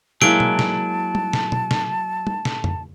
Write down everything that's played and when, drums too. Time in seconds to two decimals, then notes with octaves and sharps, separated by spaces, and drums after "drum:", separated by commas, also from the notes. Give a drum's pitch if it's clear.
0.22 F#3 G#3 A#3 E4 A5 D7, drum: snare
0.40 drum: tom B2
0.59 drum: snare
1.15 drum: tom
1.33 drum: snare
1.52 drum: tom B2
1.71 drum: snare
2.27 drum: tom
2.45 drum: snare
2.64 drum: tom